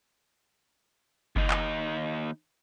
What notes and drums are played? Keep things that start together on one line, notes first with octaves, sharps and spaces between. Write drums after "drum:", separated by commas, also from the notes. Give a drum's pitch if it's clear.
D#2 D#4, drum: kick F#1
drum: clap